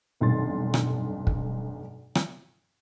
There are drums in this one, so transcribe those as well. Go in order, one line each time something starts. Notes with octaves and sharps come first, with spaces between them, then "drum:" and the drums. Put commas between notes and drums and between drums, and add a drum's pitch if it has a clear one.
F1 B1 G2 D#3 C6 A6
drum: rim click
drum: kick
drum: rim click